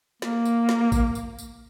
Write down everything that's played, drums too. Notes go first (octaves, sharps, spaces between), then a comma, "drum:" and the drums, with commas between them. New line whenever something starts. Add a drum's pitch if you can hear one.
A#3, drum: snare
drum: tambourine
drum: snare
drum: kick, tambourine
drum: tambourine
drum: tambourine